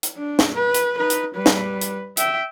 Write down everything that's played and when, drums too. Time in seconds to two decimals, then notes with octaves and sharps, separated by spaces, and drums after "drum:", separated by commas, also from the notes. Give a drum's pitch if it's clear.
0.03 drum: hi-hat
0.17 D4
0.39 drum: snare
0.54 B4
0.74 drum: hi-hat
0.98 D#4 B4
1.10 drum: hi-hat
1.35 G3 B4
1.46 drum: snare
1.81 drum: hi-hat
2.17 E5 G5, drum: hi-hat